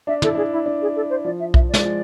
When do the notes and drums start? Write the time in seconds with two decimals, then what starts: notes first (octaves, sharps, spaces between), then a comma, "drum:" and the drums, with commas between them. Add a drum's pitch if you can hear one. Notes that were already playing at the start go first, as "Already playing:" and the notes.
0.07 D4 E5
0.22 E4 A4, drum: tom
0.35 D4 G#4
0.51 E4
0.66 D4
0.81 G#4
0.96 A4
1.09 C5
1.24 F3 D5
1.39 E5
1.54 E5, drum: kick B1
1.68 D5
1.74 G#3, drum: snare
1.83 F3